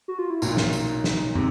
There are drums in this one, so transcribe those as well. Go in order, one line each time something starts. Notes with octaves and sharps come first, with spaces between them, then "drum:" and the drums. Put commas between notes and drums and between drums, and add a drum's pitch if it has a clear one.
F#4
F4
E4
B1 A#2 F#3 D#4, drum: tambourine
drum: snare
drum: tambourine
drum: snare
C3, drum: tom